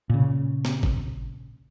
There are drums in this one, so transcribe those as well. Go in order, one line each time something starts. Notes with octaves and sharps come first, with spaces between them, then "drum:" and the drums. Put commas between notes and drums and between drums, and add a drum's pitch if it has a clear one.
A#2 C#3
drum: snare
drum: kick